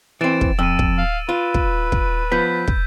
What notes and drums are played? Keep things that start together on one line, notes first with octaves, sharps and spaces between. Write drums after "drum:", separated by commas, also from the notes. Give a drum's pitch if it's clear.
E3 C4 A6 D7 E7
drum: kick
F2 E6 D#7
drum: kick
F5
F4 B4
drum: kick
drum: kick
F3 B3 G6 B6
drum: kick